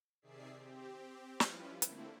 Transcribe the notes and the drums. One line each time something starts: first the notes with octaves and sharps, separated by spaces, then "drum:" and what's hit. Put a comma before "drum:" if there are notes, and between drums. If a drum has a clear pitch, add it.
C3 D#3 G#4 D5 E5 C7
C4 G4
F3 G3 C#4 E4 F4 B4, drum: snare
D3 A3 A#3 C4 E4, drum: hi-hat